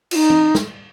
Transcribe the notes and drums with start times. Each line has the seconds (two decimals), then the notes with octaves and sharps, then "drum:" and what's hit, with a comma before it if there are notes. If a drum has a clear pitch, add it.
0.11 F4, drum: cymbal
0.15 D#4
0.30 drum: tom
0.55 drum: snare